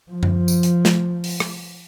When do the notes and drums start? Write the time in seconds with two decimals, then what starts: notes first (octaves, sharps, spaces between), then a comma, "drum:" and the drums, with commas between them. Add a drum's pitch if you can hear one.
0.12 F3
0.23 drum: tom F#2
0.48 drum: tambourine
0.63 drum: hi-hat
0.85 drum: snare
1.24 drum: open hi-hat
1.40 drum: rim click